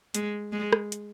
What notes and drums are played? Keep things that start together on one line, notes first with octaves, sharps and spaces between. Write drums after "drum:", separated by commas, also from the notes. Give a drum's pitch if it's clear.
G#3, drum: hi-hat
G#3
drum: rim click
drum: hi-hat